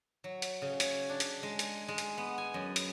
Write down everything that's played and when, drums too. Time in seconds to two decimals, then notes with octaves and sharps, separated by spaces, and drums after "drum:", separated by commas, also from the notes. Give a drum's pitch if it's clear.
0.24 F#3
0.42 drum: hi-hat
0.62 C#3
0.80 C#5, drum: hi-hat
1.09 D4
1.20 drum: hi-hat
1.43 G#3
1.59 drum: hi-hat
1.88 G#3
1.98 drum: hi-hat
2.18 B3
2.38 G#5
2.54 F#2
2.76 drum: hi-hat